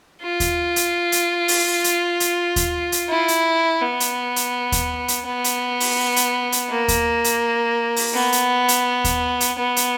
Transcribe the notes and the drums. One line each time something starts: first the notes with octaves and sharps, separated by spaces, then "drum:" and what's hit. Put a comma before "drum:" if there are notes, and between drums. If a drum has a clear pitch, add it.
F4
drum: kick D#2, hi-hat
drum: hi-hat
drum: hi-hat
drum: open hi-hat
drum: hi-hat
drum: hi-hat
drum: kick D#2, hi-hat
drum: hi-hat
E4
drum: hi-hat
B3
drum: hi-hat
drum: hi-hat
drum: kick D#2, hi-hat
drum: hi-hat
B3
drum: hi-hat
drum: open hi-hat
drum: hi-hat
drum: hi-hat
A#3
drum: kick D#2, hi-hat
drum: hi-hat
drum: open hi-hat
B3
drum: hi-hat
drum: hi-hat
drum: kick D#2, hi-hat
drum: hi-hat
B3
drum: hi-hat